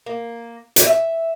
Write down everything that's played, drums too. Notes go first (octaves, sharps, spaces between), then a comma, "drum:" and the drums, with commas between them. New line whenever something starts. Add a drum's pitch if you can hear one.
A#3
drum: hi-hat
E5